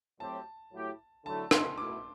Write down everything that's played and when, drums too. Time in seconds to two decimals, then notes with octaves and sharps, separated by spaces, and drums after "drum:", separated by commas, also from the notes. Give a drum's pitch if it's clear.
0.20 A2 F#3 C4 G4 A5
0.73 A2 F#3 A3 E4 G4
1.25 D3 F#3 A3 E4 A5
1.51 C6, drum: rim click
1.78 B2 A3 E4 D6